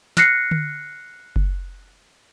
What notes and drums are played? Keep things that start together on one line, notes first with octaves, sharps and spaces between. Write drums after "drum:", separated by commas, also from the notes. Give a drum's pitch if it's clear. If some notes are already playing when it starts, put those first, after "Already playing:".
F6 F#6 A#6 C7 C#7, drum: snare
drum: tom D3
drum: kick F#1